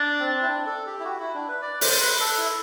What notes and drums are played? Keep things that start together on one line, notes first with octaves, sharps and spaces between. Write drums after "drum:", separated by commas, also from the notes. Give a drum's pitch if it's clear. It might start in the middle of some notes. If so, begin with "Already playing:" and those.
Already playing: D4
C4
E4
D4
A4
G4
E4
F#4
E4
D4
B4
D5
C5, drum: open hi-hat
B4
A4
E4